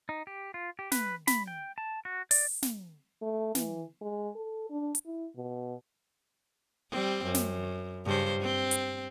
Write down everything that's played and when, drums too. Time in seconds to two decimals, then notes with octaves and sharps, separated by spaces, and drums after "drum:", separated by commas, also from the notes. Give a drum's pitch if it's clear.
0.09 D#4
0.27 G4
0.54 F4
0.79 G4
0.92 B4, drum: snare
1.27 B5, drum: snare
1.47 G5
1.78 A5
2.05 F#4
2.31 D5, drum: open hi-hat
2.62 drum: snare
3.22 A3
3.55 E3, drum: snare
4.01 G#3
4.35 A4
4.70 D4
4.95 drum: hi-hat
5.06 E4
5.36 B2
6.91 G3 C4
7.25 F#2
7.34 drum: snare
8.05 G2 C#3 C5
8.41 C4
8.71 drum: hi-hat